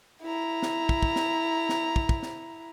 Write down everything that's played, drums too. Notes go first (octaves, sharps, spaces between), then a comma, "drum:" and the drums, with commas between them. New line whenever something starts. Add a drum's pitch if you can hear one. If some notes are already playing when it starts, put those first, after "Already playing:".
E4 A#5
drum: snare
drum: kick
drum: kick
drum: snare
drum: snare
drum: kick
drum: kick
drum: snare